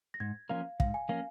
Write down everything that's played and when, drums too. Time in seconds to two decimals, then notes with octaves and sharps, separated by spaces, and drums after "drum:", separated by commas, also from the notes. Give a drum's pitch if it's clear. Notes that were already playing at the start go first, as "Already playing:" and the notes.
0.14 A#6
0.20 G#2 G#6
0.49 F3 A#3 C#4 A#4 F5
0.80 G#2 F5, drum: kick
0.94 G#5
1.09 F3 A#3 C#4 A#4 F5